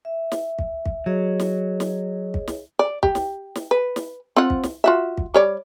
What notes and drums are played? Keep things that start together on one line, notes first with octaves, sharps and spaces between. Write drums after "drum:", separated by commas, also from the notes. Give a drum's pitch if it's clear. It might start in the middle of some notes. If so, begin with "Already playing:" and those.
E5
drum: snare
drum: kick
drum: kick
F#3 G#4 C#5 D#5
drum: snare
drum: snare
drum: kick
drum: snare
D5
G4, drum: kick
drum: snare
drum: snare
B4
drum: snare
C4 F4 F#5
drum: kick
drum: snare
F4 F#4 E5
drum: kick
G3 C#5 D5